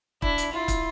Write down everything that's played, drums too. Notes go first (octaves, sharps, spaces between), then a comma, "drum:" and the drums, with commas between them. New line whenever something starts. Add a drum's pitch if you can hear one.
D4 E4, drum: kick
drum: hi-hat
E4 F4
drum: kick, hi-hat